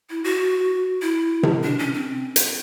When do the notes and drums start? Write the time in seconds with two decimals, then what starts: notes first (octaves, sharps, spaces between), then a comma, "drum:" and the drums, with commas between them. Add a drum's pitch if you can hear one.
0.10 E4
0.24 F#4
1.02 E4
1.43 drum: tom C3
1.63 D4
1.79 C#4
1.94 C4
2.36 drum: hi-hat